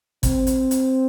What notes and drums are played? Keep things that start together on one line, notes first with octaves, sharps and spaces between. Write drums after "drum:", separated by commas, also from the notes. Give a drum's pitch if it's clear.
C4, drum: kick, hi-hat
drum: hi-hat
drum: hi-hat